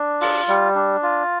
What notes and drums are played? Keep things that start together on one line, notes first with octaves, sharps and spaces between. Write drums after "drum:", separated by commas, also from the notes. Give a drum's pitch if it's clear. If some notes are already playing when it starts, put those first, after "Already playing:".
Already playing: D4
F4, drum: open hi-hat
G3
D4
F4